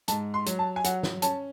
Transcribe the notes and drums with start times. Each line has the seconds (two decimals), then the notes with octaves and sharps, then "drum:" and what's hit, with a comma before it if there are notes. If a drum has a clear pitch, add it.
0.08 G#2 A5, drum: hi-hat
0.34 C6
0.46 F#3, drum: hi-hat
0.59 A5
0.76 G#5
0.84 F#3 F#5, drum: hi-hat
1.03 drum: snare
1.22 C#4 A5, drum: hi-hat